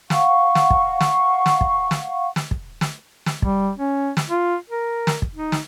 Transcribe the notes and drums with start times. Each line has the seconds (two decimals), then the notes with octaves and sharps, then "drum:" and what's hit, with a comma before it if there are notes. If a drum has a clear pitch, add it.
0.10 F5 F#5 C#6, drum: snare
0.55 drum: snare
0.70 drum: kick
1.01 drum: snare
1.46 drum: snare
1.61 drum: kick
1.91 drum: snare
2.36 drum: snare
2.51 drum: kick
2.81 drum: snare
3.26 drum: snare
3.42 G3, drum: kick
3.78 C#4
4.17 drum: snare
4.29 F4
4.70 A#4
5.07 drum: snare
5.22 drum: kick
5.35 D#4
5.52 drum: snare